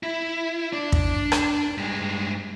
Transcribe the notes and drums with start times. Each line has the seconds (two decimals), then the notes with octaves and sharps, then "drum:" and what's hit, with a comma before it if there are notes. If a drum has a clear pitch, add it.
0.03 E4
0.73 D4 D5
0.92 drum: kick
1.32 drum: rim click
1.78 G2 G#3